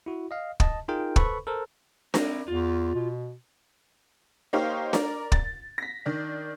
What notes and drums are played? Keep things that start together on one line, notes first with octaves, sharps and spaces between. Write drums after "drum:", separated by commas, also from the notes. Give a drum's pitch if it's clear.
E4 F#4
D#5 F5
D#5 A5, drum: kick
D#4 F4 G#4 A#4 G5
A4 B4 C5 B5 C#6, drum: kick
A4 A#4 C5
C4 A#4, drum: snare D4
E2 F4
B2
A#3 D#4 G4 C5 C#5 F5
A#4 D5, drum: snare D4
A6, drum: kick
A#6 B6
D#3 D4